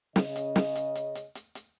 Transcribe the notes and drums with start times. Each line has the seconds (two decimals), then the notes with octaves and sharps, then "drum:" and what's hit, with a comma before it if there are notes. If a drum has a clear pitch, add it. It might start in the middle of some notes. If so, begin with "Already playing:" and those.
0.16 C#3 D#5, drum: snare
0.36 drum: hi-hat
0.56 drum: snare
0.76 drum: hi-hat
0.95 drum: hi-hat
1.15 drum: hi-hat
1.35 drum: hi-hat
1.55 drum: hi-hat